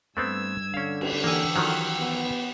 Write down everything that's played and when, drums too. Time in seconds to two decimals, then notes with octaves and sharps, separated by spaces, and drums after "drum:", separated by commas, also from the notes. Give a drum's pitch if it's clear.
0.17 G2 A3 B3 C4 E6 G#6
0.74 D3 C#4 F5
1.01 drum: cymbal
1.24 E3 A#3 G4 F#5 G#5 E6
1.56 D#3 F3 F#3
2.00 B3